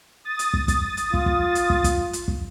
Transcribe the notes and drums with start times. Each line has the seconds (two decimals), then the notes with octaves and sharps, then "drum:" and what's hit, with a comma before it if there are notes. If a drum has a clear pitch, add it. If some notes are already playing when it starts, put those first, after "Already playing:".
0.24 D#6 A6
0.39 drum: hi-hat
0.54 drum: kick
0.68 drum: kick, hi-hat
0.97 drum: hi-hat
1.14 F4, drum: kick
1.26 drum: kick
1.55 drum: hi-hat
1.70 drum: kick
1.84 drum: kick, hi-hat
2.13 drum: hi-hat
2.28 drum: kick